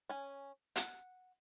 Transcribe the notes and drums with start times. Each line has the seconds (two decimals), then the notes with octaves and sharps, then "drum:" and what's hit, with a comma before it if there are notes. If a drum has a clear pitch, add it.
0.09 C#4 G#5
0.76 F#5, drum: hi-hat